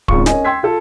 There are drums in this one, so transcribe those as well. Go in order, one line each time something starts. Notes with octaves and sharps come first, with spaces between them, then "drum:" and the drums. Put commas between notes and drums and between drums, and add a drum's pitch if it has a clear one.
G#1 C#2 F4 C#6, drum: kick D1
C#4 A#4 D#5 G#5, drum: snare
G5 C6 E6 G#6 B6
F4 A4